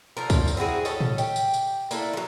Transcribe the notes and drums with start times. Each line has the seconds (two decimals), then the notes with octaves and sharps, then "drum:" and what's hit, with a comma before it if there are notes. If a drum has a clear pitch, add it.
0.17 D3 F3 A#4
0.30 drum: kick, tambourine
0.48 drum: tambourine
0.57 C4 E4 F#4 G#4
0.85 C#4 A4 D#5, drum: tambourine
1.01 drum: tom A2
1.18 G4, drum: tambourine
1.36 drum: tambourine
1.54 drum: tambourine
1.91 A#3 D4 E4 A4, drum: tambourine
2.14 F3 F#3